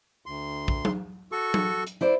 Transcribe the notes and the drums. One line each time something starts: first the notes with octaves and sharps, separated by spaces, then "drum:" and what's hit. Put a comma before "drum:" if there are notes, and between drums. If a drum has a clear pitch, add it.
D2 C6
drum: kick
drum: tom F#3
F#4 A4 C#6
drum: tom F#3
drum: hi-hat
E4 C5 D5